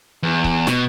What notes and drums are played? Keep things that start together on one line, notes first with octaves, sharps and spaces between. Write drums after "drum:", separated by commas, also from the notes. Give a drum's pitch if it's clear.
E2
drum: kick C#1
B2, drum: snare